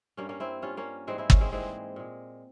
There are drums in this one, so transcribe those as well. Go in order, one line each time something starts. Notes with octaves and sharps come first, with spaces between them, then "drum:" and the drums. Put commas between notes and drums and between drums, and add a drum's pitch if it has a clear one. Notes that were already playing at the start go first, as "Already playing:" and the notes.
G2 G3 A#3 C#4
A#3 C#4
C4 E4
G2 G3 C#4 F4
A#3 C#4
G#2 E3 G3 G#3 C4
C4 E4
A#3 C#4, drum: kick G1
G#3 C4
G#2 E3 G3 G#3 C4
A#2 G#3